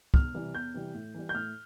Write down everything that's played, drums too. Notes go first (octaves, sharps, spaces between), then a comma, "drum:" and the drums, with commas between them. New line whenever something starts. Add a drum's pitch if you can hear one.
E2 F6, drum: kick
C3 E3 G3
E2 G6
C3 E3 G3
A2
E3 G3
G6
A2 F6